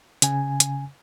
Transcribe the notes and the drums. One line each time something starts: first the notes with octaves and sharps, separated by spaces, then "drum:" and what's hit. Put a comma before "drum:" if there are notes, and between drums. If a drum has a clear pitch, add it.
C#3 G#5, drum: hi-hat
drum: hi-hat